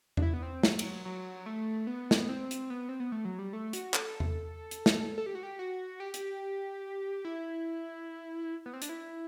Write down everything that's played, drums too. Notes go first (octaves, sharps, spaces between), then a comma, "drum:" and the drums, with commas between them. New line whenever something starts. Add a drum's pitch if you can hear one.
D4, drum: tom E2
E4
B3
C4
F#3, drum: snare
drum: cymbal
F#3
A3
B3
drum: snare
C4
drum: hi-hat
B3
C4
B3
A3
F#3
G3
A3
F#4, drum: hi-hat
A4, drum: clap
drum: tom E2
drum: hi-hat
drum: snare
A4
G4
F#4
G4
F#4
G4
drum: hi-hat
E4
B3
C4
D4, drum: hi-hat
E4